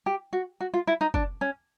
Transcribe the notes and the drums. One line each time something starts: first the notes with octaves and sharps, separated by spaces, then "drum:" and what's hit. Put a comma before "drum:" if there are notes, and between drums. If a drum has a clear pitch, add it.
G4
F#4
F#4
F4
E4
D#4
D4, drum: kick
C#4